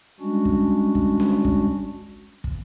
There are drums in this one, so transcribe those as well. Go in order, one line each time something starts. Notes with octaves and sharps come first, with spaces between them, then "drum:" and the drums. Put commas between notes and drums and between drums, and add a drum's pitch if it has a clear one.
G3 G#3 C#4 D4 F#4
drum: kick
drum: kick
drum: snare C#4
drum: kick
drum: kick